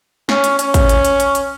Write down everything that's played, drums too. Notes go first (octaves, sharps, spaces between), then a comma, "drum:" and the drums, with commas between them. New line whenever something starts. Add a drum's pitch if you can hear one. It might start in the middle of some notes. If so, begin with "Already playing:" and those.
C#4, drum: snare
drum: hi-hat
C#4, drum: hi-hat
drum: kick, hi-hat
drum: hi-hat
drum: hi-hat
drum: hi-hat
drum: hi-hat